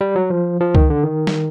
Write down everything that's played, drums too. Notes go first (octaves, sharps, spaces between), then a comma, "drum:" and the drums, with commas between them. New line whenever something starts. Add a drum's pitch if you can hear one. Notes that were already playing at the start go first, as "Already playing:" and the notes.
G3
F#3
F3
F3
D#3, drum: kick C#2
D3
D#3
drum: snare